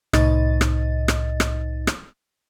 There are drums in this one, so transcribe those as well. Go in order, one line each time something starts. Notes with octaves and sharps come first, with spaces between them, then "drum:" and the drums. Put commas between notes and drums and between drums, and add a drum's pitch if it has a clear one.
C2 A2 D#4 D#5 A6, drum: rim click
drum: rim click
drum: rim click
drum: rim click
drum: rim click